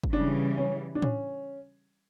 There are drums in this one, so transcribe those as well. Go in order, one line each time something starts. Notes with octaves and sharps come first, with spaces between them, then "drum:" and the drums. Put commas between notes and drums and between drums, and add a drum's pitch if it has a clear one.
drum: kick
C#3 E3 G3 D4
C#4
D4
C#4, drum: tom A2